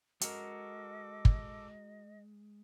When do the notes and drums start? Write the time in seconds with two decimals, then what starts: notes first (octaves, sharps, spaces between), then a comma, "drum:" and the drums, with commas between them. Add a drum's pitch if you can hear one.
0.21 G#3 F#4 A4 A#4 D#5 D6, drum: hi-hat
1.25 drum: kick